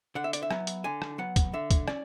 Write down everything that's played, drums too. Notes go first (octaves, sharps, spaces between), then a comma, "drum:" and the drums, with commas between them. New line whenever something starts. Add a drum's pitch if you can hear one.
D3 F#5
E5
D5, drum: hi-hat
E5
F#3 B3, drum: rim click
drum: hi-hat
D3 G#5
drum: rim click
F#3 B3 F#5
drum: kick, hi-hat
D3 E5
drum: kick, hi-hat
C#4 D5, drum: rim click